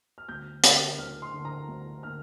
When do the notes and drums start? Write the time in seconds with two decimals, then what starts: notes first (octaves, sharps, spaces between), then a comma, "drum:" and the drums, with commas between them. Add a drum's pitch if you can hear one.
0.18 F6
0.29 D2 G6
0.63 D3 A#3, drum: hi-hat
0.98 D2 F6
1.22 C6
1.33 D3 A#3
1.45 A#5
1.68 D2
2.03 D3 A#3 F6